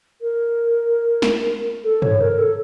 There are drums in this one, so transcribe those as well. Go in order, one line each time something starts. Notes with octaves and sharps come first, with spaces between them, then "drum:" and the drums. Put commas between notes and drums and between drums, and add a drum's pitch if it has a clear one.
A#4
drum: snare
A4
C#5, drum: tom
A#4
A4